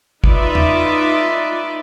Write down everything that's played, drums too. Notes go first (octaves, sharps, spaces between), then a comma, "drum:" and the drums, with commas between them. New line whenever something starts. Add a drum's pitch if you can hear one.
D#4 F4 B4 D5 E5, drum: kick
drum: tom E2